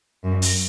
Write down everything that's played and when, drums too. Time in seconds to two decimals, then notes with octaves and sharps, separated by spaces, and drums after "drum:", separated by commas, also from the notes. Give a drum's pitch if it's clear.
0.24 F#2
0.42 drum: open hi-hat